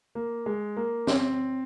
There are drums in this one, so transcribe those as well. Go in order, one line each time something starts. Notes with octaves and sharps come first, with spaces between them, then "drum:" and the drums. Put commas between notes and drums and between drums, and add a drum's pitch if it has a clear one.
A#3
G#3
A#3
C4, drum: snare